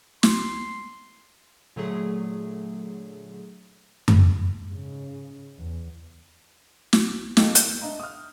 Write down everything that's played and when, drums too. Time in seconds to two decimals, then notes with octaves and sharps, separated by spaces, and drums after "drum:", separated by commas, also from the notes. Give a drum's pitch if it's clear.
0.23 C6, drum: snare
1.76 A#2 D3 F#3 A3 G#4
4.08 drum: tom F#2
4.67 G#2 C#3
5.59 E2
6.93 F#4, drum: snare
7.37 A3 D#4 A4 F5 G5, drum: snare
7.55 G6, drum: hi-hat
7.82 D4 D#5 E5 A#5
8.00 D#6 F6